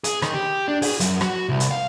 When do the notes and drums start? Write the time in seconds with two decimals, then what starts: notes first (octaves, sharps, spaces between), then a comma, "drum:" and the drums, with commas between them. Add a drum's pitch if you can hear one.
0.04 G#4, drum: hi-hat
0.22 D#3, drum: rim click
0.34 G4
0.68 D4
0.82 G#4, drum: open hi-hat
1.00 F#2, drum: hi-hat
1.21 F#4, drum: rim click
1.49 C2
1.60 drum: hi-hat
1.71 F5